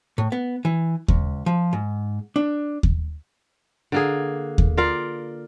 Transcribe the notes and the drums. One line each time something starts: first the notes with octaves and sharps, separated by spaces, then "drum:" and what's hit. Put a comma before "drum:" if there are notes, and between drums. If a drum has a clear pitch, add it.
A2
B3
E3
C#2, drum: kick D#2
F3
G#2
D4
drum: kick D#2
D3 A#3 G#4
drum: kick D#2
F4 A#4 D5 F5